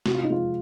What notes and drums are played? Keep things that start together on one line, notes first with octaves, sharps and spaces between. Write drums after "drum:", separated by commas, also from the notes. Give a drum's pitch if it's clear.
C3 F#4, drum: snare
F4
D#4
F3 G#3 C4 F4